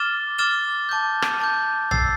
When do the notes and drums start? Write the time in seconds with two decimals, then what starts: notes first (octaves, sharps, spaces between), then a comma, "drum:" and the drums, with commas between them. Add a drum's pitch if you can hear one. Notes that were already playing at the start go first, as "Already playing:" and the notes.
Already playing: D6 F6 A6 E7 G7
0.38 D6 F6 A6 E7 G7
0.89 A5 D6 G6
1.22 drum: rim click
1.40 A5 D6 G6
1.91 E6 A6 C7, drum: tom A#1